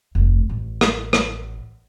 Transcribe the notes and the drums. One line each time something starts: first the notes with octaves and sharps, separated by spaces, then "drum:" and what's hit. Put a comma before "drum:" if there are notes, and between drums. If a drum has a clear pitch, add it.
F1 D2
A1
drum: rim click
drum: rim click